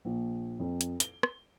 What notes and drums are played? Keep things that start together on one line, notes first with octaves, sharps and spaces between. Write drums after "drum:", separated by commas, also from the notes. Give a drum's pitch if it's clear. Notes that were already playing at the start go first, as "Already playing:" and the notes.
A#1
F2
drum: hi-hat
G7, drum: hi-hat
drum: rim click